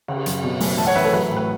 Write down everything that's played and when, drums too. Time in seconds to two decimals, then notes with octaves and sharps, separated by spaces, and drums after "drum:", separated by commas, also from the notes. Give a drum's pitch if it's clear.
0.08 C#3, drum: cymbal
0.26 F#2, drum: hi-hat
0.44 B2
0.60 F#1, drum: open hi-hat
0.78 A1 E5 A5
0.87 C#5 F#5
0.95 A1 B4 E5
1.04 A4 C#5
1.13 F#3 B4
1.31 A2
1.37 B4